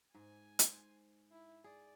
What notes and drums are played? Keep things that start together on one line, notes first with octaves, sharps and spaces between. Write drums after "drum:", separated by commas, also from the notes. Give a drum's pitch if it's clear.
G#2 G#5
C5, drum: hi-hat
E4
G#4 D5